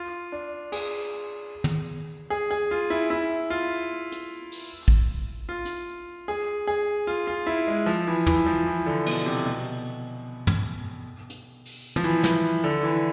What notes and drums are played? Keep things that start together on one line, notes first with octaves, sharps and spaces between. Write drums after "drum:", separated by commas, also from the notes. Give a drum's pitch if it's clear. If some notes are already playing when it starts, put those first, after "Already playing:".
Already playing: F4
D4
G#4, drum: cymbal
drum: tom
G#4
G#4
F4
E4
E4
F4
drum: hi-hat
drum: open hi-hat
drum: kick
F4
drum: hi-hat
G#4
G#4
F4
F4
E4
G#3
F3
E3
E3, drum: tom
F3
E3
D3
B2, drum: cymbal
C3
B2
drum: tom
drum: hi-hat
drum: open hi-hat
F3, drum: tom
E3
E3, drum: snare
D3
E3